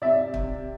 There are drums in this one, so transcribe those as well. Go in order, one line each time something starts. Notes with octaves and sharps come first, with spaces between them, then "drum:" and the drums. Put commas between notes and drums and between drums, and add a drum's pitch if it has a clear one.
C3 D5 E5
C3, drum: kick